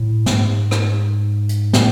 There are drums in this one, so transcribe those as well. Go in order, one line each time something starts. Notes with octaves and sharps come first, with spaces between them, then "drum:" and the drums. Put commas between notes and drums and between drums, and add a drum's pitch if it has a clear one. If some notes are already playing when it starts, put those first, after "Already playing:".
Already playing: A2
G#2, drum: snare
drum: rim click
drum: hi-hat
A2, drum: snare